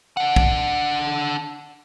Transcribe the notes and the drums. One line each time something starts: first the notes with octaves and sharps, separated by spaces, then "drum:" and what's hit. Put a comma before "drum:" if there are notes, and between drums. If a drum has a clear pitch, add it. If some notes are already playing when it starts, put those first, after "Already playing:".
D4 F#5
drum: kick